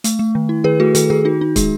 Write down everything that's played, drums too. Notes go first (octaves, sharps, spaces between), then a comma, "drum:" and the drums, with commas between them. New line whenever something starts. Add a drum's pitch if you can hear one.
A3, drum: hi-hat
A3
D#3
E4
D#3 G#4 B4
A3 F#4 A4
D#3 F#4 A4, drum: hi-hat
D#3 G#4
D#4 F#4
D#4
G#3 G#4, drum: kick, hi-hat